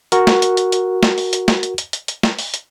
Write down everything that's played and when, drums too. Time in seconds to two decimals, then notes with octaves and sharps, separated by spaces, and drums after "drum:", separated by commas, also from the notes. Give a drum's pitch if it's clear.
0.12 F#4 A#4, drum: hi-hat
0.27 drum: snare
0.42 drum: hi-hat
0.57 drum: hi-hat
0.72 drum: hi-hat
1.03 drum: snare
1.18 drum: open hi-hat
1.33 drum: hi-hat
1.48 drum: snare
1.63 drum: hi-hat
1.78 drum: hi-hat
1.93 drum: hi-hat
2.08 drum: hi-hat
2.23 drum: snare
2.39 drum: open hi-hat
2.54 drum: hi-hat